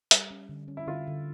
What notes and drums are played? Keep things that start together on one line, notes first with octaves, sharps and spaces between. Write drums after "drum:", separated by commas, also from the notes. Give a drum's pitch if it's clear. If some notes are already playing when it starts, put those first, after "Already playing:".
G3, drum: hi-hat
C#4
D3
C#4
E4
D3 F4
D3